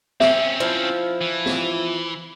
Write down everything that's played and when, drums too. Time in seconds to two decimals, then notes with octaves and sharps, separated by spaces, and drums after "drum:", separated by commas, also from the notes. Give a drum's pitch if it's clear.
0.20 C4 C#4 E5, drum: snare
0.60 F3 E4
1.21 E3
1.46 drum: snare